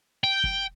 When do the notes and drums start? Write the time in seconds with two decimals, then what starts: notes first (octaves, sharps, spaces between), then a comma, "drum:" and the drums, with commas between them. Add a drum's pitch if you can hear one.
0.24 G5
0.44 drum: kick